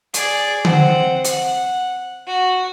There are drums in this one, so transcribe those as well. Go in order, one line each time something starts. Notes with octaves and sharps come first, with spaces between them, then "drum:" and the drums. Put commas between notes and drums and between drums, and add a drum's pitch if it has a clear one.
G#4 D5, drum: hi-hat
C4 F#5, drum: tom D3
F#5, drum: hi-hat
F#4